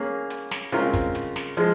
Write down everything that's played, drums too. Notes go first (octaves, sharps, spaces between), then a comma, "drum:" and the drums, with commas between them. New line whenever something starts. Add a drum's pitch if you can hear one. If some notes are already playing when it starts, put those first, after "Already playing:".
Already playing: A#3 C#4 G#4
drum: hi-hat
drum: snare
C#3 G#3 C4 F4 A#4, drum: hi-hat
drum: kick, hi-hat
drum: hi-hat
drum: snare
F3 G#3, drum: hi-hat